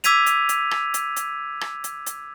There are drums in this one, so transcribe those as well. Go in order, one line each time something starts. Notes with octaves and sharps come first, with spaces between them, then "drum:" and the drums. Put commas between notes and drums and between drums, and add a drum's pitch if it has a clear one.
D6 E6 G#6 B6 D#7 F7, drum: hi-hat
drum: hi-hat
drum: hi-hat
drum: rim click
drum: hi-hat
drum: hi-hat
drum: rim click
drum: hi-hat
drum: hi-hat